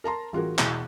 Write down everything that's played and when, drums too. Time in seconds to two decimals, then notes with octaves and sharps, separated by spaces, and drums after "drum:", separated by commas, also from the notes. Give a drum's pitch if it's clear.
0.04 A#4 A5 A#5 C6
0.33 A1 F4 F#4 G#4 A#4
0.58 E1 B2 E3 F#6, drum: clap